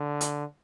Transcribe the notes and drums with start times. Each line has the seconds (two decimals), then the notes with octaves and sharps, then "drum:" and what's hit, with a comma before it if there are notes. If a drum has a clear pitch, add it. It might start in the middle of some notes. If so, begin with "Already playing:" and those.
Already playing: D3
0.21 drum: hi-hat